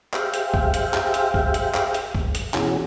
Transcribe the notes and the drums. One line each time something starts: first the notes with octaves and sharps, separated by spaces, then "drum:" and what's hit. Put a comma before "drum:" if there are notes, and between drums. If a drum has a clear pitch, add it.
G4 G#4 C5 E5 F5 G5, drum: clap
drum: hi-hat
drum: kick
drum: hi-hat
drum: clap
drum: hi-hat
drum: kick
drum: hi-hat
drum: clap
drum: hi-hat
drum: kick
drum: hi-hat
B2 E3 C#4 F#4 G#4, drum: clap